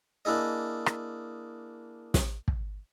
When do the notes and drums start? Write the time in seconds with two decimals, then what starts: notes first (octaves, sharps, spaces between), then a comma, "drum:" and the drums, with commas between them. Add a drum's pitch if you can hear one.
0.25 A#3 D4 E4 G#4 D#5
0.86 drum: rim click
2.14 drum: snare
2.48 drum: kick